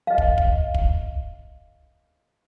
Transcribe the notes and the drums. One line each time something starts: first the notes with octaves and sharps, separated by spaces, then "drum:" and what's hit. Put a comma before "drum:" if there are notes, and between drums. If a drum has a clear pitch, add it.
D#5 F5
drum: kick
drum: kick
drum: kick